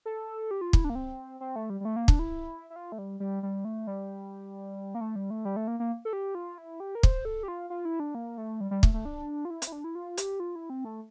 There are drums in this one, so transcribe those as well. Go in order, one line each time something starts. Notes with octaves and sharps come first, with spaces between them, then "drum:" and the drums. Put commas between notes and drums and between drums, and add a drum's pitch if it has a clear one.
A4
G4
F4
E4, drum: kick
D4
A#3
C4
C4
A3
G3
G3
A3
A#3
D4, drum: kick
E4
E4
F4
A3
G3
G3
G3
A3
G3
A#3
A3
G3
A3
G3
A3
A#3
A#3
A4
G4
F4
E4
G4
A#4
C5, drum: kick
A4
G4
F4
F4
E4
D4
A#3
A3
G3
G3
A3, drum: kick
A3
D4
F4
E4
C4, drum: hi-hat
E4
D4
E4
F4
G4, drum: hi-hat
F4
E4
C4
A3